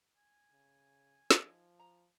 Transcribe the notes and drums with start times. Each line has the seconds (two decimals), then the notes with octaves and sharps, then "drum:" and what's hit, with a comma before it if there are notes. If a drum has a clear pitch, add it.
0.17 G#5
0.52 C#3
1.31 F3 D#4, drum: snare
1.79 A#5